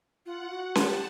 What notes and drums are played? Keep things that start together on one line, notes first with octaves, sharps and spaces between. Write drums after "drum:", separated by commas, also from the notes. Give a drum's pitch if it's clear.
F4 F#5
F4
F#4
G4 A5, drum: snare C#4